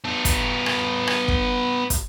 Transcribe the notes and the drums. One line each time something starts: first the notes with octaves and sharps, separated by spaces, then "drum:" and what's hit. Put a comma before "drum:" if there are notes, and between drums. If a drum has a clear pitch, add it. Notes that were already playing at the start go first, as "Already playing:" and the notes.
B3 A4
drum: kick, hi-hat
drum: rim click
drum: rim click
drum: kick
drum: kick, hi-hat